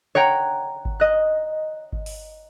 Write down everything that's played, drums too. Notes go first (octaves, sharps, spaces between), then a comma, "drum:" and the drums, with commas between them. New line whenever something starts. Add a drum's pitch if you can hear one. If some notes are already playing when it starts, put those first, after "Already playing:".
C#5 F#5 G5 A#5
drum: kick G#1
D#5 F#6
drum: kick G#1
drum: open hi-hat